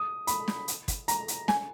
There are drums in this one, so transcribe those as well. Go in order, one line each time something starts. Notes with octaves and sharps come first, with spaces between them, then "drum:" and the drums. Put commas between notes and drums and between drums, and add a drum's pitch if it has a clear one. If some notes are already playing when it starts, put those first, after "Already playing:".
Already playing: D#6
B5, drum: hi-hat
drum: snare
drum: hi-hat
drum: kick, hi-hat
A#5, drum: hi-hat
drum: hi-hat
G#5, drum: snare